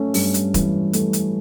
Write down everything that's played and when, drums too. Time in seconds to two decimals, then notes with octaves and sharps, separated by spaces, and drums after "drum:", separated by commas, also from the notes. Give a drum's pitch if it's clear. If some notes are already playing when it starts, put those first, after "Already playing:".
Already playing: A3 C#4
0.14 G2, drum: open hi-hat
0.34 drum: hi-hat
0.54 E3, drum: kick, hi-hat
0.93 A3, drum: hi-hat
1.13 drum: hi-hat